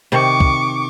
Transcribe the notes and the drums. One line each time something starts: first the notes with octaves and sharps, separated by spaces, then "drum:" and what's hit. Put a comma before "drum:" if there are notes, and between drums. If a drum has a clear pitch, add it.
C3 D#3 C#6 D6
drum: kick